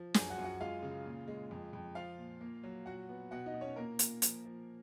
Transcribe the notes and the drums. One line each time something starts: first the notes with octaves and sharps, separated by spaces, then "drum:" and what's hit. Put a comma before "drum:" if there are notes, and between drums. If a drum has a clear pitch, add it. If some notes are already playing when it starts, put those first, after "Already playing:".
Already playing: F3
F#2 G#4 G#5, drum: snare
F#4 F#5
F#2
F#4 F#5
G#3 F4 F5
C#3
A#2
G#3
F2
F2
F3 F4 F5
A#2
A#3
F#3
A#2 F#4 F#5
B3
B2 F#4 F#5
D#4 D#5
B2
C#4 C#5
A#2 A#3 A#4
A#2, drum: hi-hat
F3, drum: hi-hat
F3